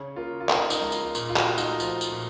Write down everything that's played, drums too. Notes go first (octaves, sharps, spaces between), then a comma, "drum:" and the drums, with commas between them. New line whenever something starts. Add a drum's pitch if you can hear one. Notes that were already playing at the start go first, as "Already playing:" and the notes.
Already playing: C#3 C#5
A#3 F4
F4
A#3 D#4, drum: clap
D#4, drum: tambourine
C#2
F4, drum: tambourine
A#2, drum: tambourine
F4
F#4, drum: clap
A3
D#4, drum: tambourine
F3, drum: tambourine
drum: tambourine
A#2